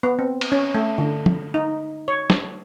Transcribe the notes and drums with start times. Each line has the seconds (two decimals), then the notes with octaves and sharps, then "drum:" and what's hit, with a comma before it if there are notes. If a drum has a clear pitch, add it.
0.03 B3
0.19 C4
0.41 drum: cymbal
0.52 C#4
0.75 A3
0.98 D3
1.26 drum: tom
1.54 D#4
2.08 C#5
2.30 drum: snare